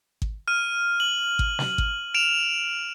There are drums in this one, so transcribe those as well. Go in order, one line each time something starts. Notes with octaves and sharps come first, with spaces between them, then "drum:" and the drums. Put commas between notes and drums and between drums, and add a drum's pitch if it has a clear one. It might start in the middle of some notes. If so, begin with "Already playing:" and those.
drum: kick G#1
F6 D#7
F#7
drum: kick G#1
drum: snare
drum: kick G#1
D7 E7 F7